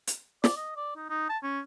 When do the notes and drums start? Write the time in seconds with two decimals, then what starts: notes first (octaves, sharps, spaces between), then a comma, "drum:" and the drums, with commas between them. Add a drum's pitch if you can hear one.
0.07 drum: hi-hat
0.44 D5, drum: snare
0.57 D#5
0.77 D5
0.96 D#4
1.10 D#4
1.29 A5
1.43 C#4